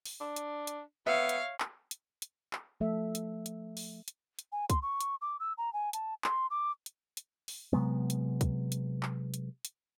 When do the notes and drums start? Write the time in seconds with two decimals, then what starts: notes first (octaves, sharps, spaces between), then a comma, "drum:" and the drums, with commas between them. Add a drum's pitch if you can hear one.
0.05 drum: open hi-hat
0.20 D4
0.36 drum: hi-hat
0.67 drum: hi-hat
1.07 B3 C#5 E5 F5
1.29 drum: hi-hat
1.60 drum: clap
1.91 drum: hi-hat
2.22 drum: hi-hat
2.53 drum: clap
2.81 F3 A3 A4 E5
3.15 drum: hi-hat
3.46 drum: hi-hat
3.77 drum: open hi-hat
4.08 drum: hi-hat
4.39 drum: hi-hat
4.52 G#5
4.70 C6, drum: kick, hi-hat
4.82 C#6
5.01 drum: hi-hat
5.22 D6
5.40 E6
5.58 A#5
5.73 G#5
5.93 A5, drum: hi-hat
6.24 C6, drum: clap
6.50 D6
6.86 drum: hi-hat
7.17 drum: hi-hat
7.48 drum: open hi-hat
7.73 C3 F#3 G#3 B3
8.10 drum: hi-hat
8.41 drum: kick, hi-hat
8.72 drum: hi-hat
9.03 drum: clap
9.34 drum: hi-hat
9.65 drum: hi-hat